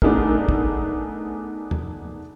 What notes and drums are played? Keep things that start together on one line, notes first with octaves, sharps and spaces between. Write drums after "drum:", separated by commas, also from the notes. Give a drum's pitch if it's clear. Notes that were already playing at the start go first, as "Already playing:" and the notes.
A3 B3 D4 D#4 G#4 A#4, drum: kick
drum: kick
drum: tom E2